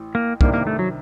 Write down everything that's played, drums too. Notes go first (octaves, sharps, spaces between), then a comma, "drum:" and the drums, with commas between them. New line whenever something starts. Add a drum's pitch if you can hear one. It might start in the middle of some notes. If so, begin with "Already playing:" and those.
Already playing: A1
A#3
C2 C3 D#3 G3 A#3 D4, drum: kick
A#3
A3
F#3